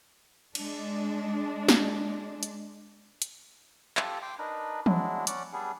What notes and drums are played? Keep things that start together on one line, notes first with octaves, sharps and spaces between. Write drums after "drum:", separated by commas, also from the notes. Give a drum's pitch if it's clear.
G#3 D4, drum: cymbal
drum: snare
drum: hi-hat
drum: hi-hat
F4 G4 A4, drum: clap
G5 C6 D6
D4 D#4 A#4 B4
F#3 G#3 D4 E4, drum: tom E3
C#4 D5 F#5, drum: hi-hat
G3 B3 D4 G#4